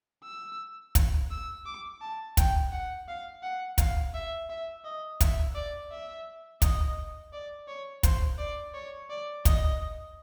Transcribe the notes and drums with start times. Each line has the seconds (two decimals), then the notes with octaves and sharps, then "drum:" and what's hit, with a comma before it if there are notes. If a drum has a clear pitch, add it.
0.24 E6
0.95 drum: kick, hi-hat
1.31 E6
1.66 D6
2.01 A5
2.37 G5, drum: kick, hi-hat
2.72 F#5
3.08 F5
3.43 F#5
3.78 F5, drum: kick, hi-hat
4.14 E5
4.50 E5
4.85 D#5
5.20 E5, drum: kick, hi-hat
5.55 D5
5.91 E5
6.62 D#5, drum: kick, hi-hat
7.33 D5
7.68 C#5
8.03 C5, drum: kick, hi-hat
8.38 D5
8.74 C#5
9.10 D5
9.45 D#5, drum: kick, hi-hat